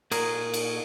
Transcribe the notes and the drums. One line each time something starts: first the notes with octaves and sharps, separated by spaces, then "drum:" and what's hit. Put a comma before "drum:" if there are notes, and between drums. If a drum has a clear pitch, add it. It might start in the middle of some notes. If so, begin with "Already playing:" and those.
A#2 F#4 G#4 A#4, drum: cymbal
drum: cymbal